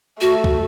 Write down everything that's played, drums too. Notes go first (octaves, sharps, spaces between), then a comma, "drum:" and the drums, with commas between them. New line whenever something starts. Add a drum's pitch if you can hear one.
A3 F#4
drum: kick C#2